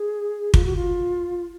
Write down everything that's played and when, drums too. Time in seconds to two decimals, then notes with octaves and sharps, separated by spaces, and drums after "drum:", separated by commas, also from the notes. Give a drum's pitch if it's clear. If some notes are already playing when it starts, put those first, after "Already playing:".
Already playing: G#4
0.54 F4, drum: kick
0.65 F#4
0.76 F4